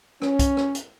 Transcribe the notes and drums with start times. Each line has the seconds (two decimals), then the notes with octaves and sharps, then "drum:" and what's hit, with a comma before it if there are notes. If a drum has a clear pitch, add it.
0.22 C#4, drum: rim click
0.39 drum: kick, hi-hat
0.57 drum: rim click
0.75 drum: hi-hat